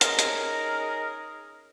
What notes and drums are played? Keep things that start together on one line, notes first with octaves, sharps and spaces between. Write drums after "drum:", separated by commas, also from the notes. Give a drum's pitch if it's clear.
C#4 D#4 G#4 A#4, drum: hi-hat
drum: hi-hat